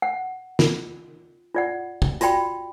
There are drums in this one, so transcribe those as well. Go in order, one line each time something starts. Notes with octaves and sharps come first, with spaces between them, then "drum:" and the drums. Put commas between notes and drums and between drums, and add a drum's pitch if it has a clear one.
F#5
F4, drum: snare
F4 D5 F#5
drum: kick
F4 F#4 D5 G5 B5, drum: hi-hat